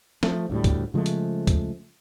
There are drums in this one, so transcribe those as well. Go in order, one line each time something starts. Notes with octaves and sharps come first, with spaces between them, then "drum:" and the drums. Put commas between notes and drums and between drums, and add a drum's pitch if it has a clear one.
F3 A3, drum: snare
D2 A2 G3
drum: kick, hi-hat
C#3 F3 G#3 A3
drum: hi-hat
drum: kick, hi-hat